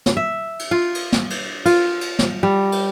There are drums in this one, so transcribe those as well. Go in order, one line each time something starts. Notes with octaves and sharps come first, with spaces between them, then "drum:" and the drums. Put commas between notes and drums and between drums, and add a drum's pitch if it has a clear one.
drum: snare
E5
drum: cymbal
F4
drum: cymbal
drum: snare
drum: cymbal
F4, drum: cymbal
drum: cymbal
drum: snare
G3
drum: cymbal